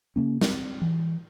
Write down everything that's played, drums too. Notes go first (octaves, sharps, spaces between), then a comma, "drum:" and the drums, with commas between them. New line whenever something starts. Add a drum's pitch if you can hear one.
C#3 A#3 C#4
C4, drum: snare
E3